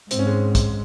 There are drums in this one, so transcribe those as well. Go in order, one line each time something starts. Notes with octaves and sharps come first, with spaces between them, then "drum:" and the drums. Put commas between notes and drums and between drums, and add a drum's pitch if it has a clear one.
G#2 C4, drum: hi-hat
C#4
G#3 C4
drum: kick, hi-hat